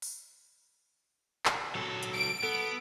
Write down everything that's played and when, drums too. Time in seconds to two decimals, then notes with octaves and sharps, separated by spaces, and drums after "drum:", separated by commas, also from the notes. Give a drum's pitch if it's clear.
0.02 drum: open hi-hat
1.45 drum: clap
1.75 F#3 A4
2.03 drum: hi-hat
2.13 D7
2.43 B3 A4